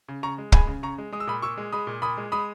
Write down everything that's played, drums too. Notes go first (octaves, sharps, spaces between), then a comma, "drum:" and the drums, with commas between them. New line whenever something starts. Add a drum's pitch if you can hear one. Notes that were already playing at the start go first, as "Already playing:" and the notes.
C#3
C#3 A#5 C#6
G#3
G#3 G#5 B5, drum: kick
C#3
C#3 A#5 C#6
G#3
G#3 D#6
E6
A#2 B5 D#6
A#2 C#6 E6
G#3
G#3 B5 D#6
A#2
A#2 B5 D#6
G#3
G#3 B5 D#6